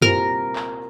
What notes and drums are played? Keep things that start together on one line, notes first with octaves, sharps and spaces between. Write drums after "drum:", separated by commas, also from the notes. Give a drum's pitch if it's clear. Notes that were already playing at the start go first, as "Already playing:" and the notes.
C2 A#2 G3 C4 F4 A#4, drum: tom F#2
drum: clap